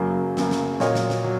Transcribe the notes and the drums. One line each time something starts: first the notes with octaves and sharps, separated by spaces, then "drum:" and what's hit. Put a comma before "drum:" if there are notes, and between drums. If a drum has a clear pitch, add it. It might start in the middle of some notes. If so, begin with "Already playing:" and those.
Already playing: F#2 C#3 F#3 A#3
F#2 C#3 F#3 A#3, drum: snare
drum: snare
A#2 F#3 A#3 C#5 D#5, drum: snare
drum: snare
drum: snare
F#3